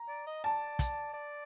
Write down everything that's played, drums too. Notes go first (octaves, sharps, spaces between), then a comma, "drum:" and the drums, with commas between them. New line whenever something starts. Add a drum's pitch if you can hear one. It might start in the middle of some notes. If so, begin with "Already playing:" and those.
Already playing: A#5
D5
D#5
D5 A5
drum: kick, hi-hat
D5